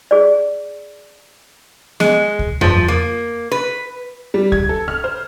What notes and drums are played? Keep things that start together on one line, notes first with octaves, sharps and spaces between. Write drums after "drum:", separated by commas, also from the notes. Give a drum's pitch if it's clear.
G#4 D5
G#3, drum: snare B3
drum: kick C#2
F3, drum: tom F2
A#3
B4
G3
G#6, drum: kick C#2
A4
F6
C5